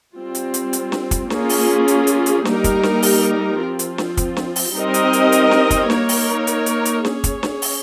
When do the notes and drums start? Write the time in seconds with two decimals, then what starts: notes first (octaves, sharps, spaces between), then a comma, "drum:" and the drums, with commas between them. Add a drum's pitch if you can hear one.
0.15 G3 C4 F4
0.35 drum: hi-hat
0.54 drum: hi-hat
0.73 drum: hi-hat
0.92 drum: snare
1.11 drum: kick, hi-hat
1.30 A#3 C#4 F4 G#4, drum: snare
1.49 drum: open hi-hat
1.88 drum: hi-hat
2.07 drum: hi-hat
2.26 drum: hi-hat
2.45 G3 A#3 D#4 G4 A#4, drum: snare
2.64 drum: kick, hi-hat
2.83 drum: snare
3.03 drum: open hi-hat
3.59 F3 C4 F4
3.79 drum: hi-hat
3.98 drum: snare
4.17 drum: kick, hi-hat
4.37 drum: snare
4.56 drum: open hi-hat
4.75 G3 C4 D#4 A#4 D#5
4.94 drum: hi-hat
5.13 drum: hi-hat
5.32 drum: hi-hat
5.51 drum: snare
5.71 drum: kick, hi-hat
5.90 A#3 D#4 A#4 C#5, drum: snare
6.09 drum: open hi-hat
6.47 drum: hi-hat
6.66 drum: hi-hat
6.85 drum: hi-hat
7.05 C#4 G#4 C#5, drum: snare
7.24 drum: kick, hi-hat
7.43 drum: snare
7.62 drum: open hi-hat